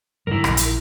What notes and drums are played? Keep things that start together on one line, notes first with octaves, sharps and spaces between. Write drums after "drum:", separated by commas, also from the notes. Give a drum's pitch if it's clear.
G2 D3 F#3 E4 A#4
A#1, drum: rim click
drum: hi-hat